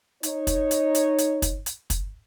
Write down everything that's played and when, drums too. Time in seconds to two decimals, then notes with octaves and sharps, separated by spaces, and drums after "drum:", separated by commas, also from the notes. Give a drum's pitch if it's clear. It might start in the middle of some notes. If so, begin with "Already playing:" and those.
0.23 D#4 C#5, drum: hi-hat
0.47 drum: kick, hi-hat
0.71 drum: hi-hat
0.95 drum: hi-hat
1.18 drum: hi-hat
1.42 drum: kick, hi-hat
1.66 drum: hi-hat
1.90 drum: kick, hi-hat